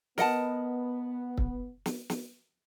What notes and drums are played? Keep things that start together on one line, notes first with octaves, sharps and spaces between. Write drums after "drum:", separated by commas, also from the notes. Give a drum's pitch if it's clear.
B3 A#4 D#5 F#5 A5, drum: snare
drum: kick
drum: snare
drum: snare